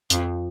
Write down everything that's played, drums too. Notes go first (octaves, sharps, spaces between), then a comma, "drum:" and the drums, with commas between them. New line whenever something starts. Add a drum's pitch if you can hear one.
F2 F3, drum: hi-hat